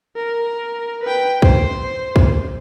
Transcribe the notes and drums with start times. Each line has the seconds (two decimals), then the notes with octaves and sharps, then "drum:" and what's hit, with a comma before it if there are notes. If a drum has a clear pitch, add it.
0.16 A#4
1.03 B4 G5
1.42 C5, drum: kick
2.16 drum: kick